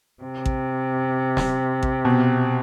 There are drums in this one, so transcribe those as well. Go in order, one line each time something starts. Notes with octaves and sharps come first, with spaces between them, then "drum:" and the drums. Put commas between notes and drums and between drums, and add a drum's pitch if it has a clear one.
C3
drum: kick A1
drum: snare
drum: kick A1
B2